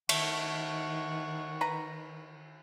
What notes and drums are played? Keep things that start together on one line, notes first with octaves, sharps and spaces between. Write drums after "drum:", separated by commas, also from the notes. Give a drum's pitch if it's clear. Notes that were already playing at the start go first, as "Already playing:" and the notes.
D#3 A3 F#5 C#6, drum: cymbal
B4 A#5